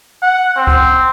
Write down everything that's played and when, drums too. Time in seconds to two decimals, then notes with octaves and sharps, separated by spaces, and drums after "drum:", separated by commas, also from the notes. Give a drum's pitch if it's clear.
0.22 F#5
0.56 C4
0.67 drum: kick C#2